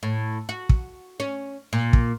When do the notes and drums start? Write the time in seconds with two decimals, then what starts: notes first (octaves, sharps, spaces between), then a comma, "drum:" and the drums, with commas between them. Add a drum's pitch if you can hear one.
0.03 A2
0.49 F#4
0.69 drum: kick
1.20 C#4
1.73 A#2
1.93 drum: kick